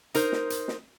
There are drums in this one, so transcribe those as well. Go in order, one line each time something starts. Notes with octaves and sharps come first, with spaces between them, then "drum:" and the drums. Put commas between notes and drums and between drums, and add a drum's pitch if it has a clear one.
D#4 A#4 C5, drum: hi-hat
drum: snare
drum: hi-hat
drum: snare